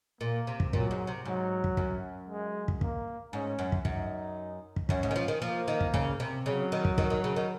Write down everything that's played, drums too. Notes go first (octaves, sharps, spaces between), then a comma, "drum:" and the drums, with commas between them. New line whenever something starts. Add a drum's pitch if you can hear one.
A#2 A#3
C3
drum: kick
A#2 F#3, drum: kick
G#2
C3
G#2 F#3
drum: kick
F#2, drum: kick
G#3
drum: kick
A#3, drum: kick
G#2 C#4
F#2
drum: kick
F#2 D#4, drum: kick
drum: kick
F#2 C#4, drum: kick
G#2
D#3
F3
D#3
F3 A#3
D#3
drum: kick
C#3, drum: kick
C3
C#3 F#3
D#3
drum: kick
D#3, drum: kick
D#3
C#3
D#3